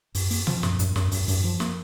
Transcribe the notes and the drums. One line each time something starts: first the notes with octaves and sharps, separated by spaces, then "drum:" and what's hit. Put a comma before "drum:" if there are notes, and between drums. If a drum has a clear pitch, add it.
F#2, drum: open hi-hat
A#3, drum: open hi-hat
F3, drum: tom A#2
F#2, drum: snare
F#2, drum: hi-hat
F#2, drum: snare
F#2, drum: open hi-hat
F#2, drum: open hi-hat
F3
A#3, drum: snare